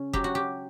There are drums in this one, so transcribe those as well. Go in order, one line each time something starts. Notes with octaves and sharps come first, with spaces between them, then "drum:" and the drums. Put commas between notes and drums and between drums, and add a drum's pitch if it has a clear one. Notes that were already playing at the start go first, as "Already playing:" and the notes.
Already playing: C#3 C#4
F#3 G4, drum: kick F1
F#4
G4